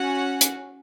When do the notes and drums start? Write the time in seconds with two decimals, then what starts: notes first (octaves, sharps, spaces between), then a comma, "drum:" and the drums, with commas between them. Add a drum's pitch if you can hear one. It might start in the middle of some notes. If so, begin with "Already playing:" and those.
Already playing: C#4 F#4 F#5
0.41 drum: hi-hat